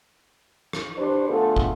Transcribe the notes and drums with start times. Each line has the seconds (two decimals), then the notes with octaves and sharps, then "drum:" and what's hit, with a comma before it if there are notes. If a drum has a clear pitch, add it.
0.73 drum: rim click
0.97 D4 G4 B4 C5
1.29 D3 A3 B3 F4 G#4 A4
1.56 drum: kick